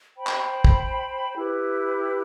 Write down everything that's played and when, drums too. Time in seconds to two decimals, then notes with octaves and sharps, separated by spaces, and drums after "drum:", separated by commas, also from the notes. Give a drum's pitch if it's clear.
0.17 C5 G5 B5
0.27 drum: clap
0.65 drum: kick
1.35 E4 G4 B4